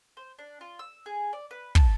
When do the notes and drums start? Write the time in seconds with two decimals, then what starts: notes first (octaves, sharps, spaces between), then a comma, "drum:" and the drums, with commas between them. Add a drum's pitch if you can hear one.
0.17 C5
0.39 D4
0.61 F4
0.79 E6
1.06 G#4
1.33 D5
1.51 B4
1.75 A5, drum: kick